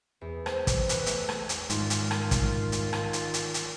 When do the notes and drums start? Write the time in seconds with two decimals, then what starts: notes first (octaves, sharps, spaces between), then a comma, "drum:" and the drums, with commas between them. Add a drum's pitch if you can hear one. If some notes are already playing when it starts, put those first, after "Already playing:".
0.21 E2
0.46 C5, drum: rim click
0.67 drum: kick, hi-hat
0.89 B4, drum: hi-hat
1.06 A3, drum: hi-hat
1.29 drum: rim click
1.49 drum: hi-hat
1.70 G#2 D#3 F4, drum: hi-hat
1.90 drum: hi-hat
2.11 drum: rim click
2.31 drum: kick, hi-hat
2.72 drum: hi-hat
2.93 drum: rim click
3.13 drum: hi-hat
3.34 drum: hi-hat
3.54 drum: hi-hat